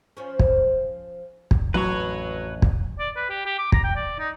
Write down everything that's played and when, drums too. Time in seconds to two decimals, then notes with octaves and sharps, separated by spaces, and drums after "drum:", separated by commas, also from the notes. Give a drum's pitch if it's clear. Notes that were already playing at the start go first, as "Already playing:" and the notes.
0.17 F3 C#4
0.39 drum: kick
1.51 drum: kick
1.74 A1 F2 F#3 B4 C#5
2.62 drum: kick
2.99 D5
3.16 B4
3.30 G4
3.46 G4
3.59 D6
3.72 A#5, drum: kick
3.84 G5
3.96 D5
4.19 D#4